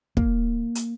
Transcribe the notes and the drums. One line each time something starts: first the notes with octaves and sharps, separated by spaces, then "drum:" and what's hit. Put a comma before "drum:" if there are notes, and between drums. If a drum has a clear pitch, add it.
A#3, drum: kick
drum: hi-hat